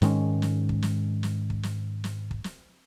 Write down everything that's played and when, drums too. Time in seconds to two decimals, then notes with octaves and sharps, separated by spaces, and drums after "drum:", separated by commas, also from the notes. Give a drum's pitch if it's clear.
0.02 G#2 D#3 G#3 C#4, drum: snare
0.42 drum: snare
0.69 drum: kick
0.82 drum: snare
1.23 drum: snare
1.50 drum: kick
1.63 drum: snare
2.04 drum: snare
2.31 drum: kick
2.44 drum: snare